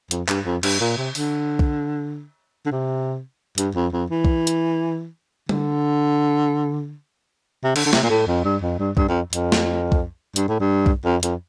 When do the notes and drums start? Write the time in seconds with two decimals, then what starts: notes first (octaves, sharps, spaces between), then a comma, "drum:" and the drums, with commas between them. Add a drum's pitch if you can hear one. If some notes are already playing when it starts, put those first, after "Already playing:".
0.11 F2, drum: hi-hat
0.28 G2, drum: clap
0.46 F2
0.63 G2, drum: cymbal
0.81 A#2
0.97 C3
1.15 D3, drum: open hi-hat
1.59 drum: kick
2.66 D3
2.72 C3
3.58 G2, drum: hi-hat
3.75 F2
3.93 F2
4.10 E3
4.25 drum: kick
4.47 drum: hi-hat
5.49 D3, drum: tom G3
7.64 C3
7.76 D3, drum: cymbal
7.86 D3
7.93 C3, drum: snare
8.04 A#2
8.10 A2
8.28 F2
8.45 G2
8.62 F2
8.79 G2
8.97 G2, drum: kick
9.09 F2
9.33 F2, drum: hi-hat
9.52 drum: snare
9.92 drum: kick
10.36 G2, drum: hi-hat
10.48 A2
10.60 G2
10.86 drum: kick
11.05 F2
11.23 F2, drum: hi-hat